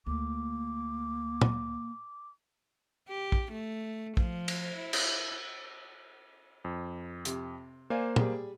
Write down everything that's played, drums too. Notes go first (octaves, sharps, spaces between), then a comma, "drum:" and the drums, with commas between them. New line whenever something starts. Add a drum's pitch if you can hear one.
D2 A#3 D6
drum: tom
G4
drum: kick
A3
F3, drum: kick
drum: cymbal
E4
drum: cymbal
F2
C3, drum: hi-hat
A#3 C5 D5 F5 G#5
G3 G#4, drum: tom